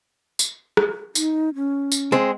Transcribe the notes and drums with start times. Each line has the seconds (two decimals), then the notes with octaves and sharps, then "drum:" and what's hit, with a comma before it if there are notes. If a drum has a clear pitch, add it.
0.39 drum: tambourine
0.77 drum: rim click
1.15 D#4, drum: tambourine
1.56 C#4
1.92 drum: tambourine
2.12 G#3 C4